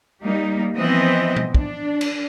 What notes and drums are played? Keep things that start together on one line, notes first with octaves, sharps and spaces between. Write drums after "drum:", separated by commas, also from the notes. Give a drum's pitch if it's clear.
G3 A#3 D#4
E3 F3 B3 C4 D#5 E5
drum: tom B2
D4, drum: kick
drum: cymbal